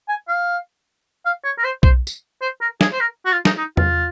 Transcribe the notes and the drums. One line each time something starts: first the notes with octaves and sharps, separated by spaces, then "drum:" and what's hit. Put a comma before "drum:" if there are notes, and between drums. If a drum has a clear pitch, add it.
G#5
F5
F5
C#5
A#4
C5
C5, drum: kick B1
drum: tambourine
C5
A#4
G#4, drum: snare
C5
A#4
F#4
F4
D#4, drum: snare
D#4
F4, drum: tom E2